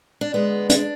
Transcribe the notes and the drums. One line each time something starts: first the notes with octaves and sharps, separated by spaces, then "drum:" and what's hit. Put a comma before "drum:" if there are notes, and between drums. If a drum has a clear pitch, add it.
D4
D3 G#3 B3
D4, drum: hi-hat